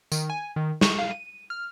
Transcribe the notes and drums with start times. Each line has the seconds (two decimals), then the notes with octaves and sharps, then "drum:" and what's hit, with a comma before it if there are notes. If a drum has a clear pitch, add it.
0.12 D#3, drum: tambourine
0.30 G#5
0.56 D#3
0.81 C#6, drum: snare
0.99 F5
1.11 D#7
1.50 F6